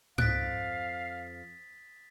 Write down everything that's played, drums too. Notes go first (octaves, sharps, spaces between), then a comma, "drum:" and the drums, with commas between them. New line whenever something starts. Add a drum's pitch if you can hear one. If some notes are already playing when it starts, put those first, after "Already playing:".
F2 F5 D#6 F#6 A6 B6 D7, drum: tom G#2